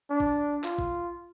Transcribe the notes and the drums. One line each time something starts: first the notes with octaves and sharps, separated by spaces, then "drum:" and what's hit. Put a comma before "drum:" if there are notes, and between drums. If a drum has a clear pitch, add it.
D4
drum: kick
F4, drum: clap
drum: kick